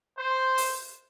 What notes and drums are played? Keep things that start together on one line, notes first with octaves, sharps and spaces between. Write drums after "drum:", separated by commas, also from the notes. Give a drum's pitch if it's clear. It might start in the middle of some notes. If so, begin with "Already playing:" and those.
C5
drum: open hi-hat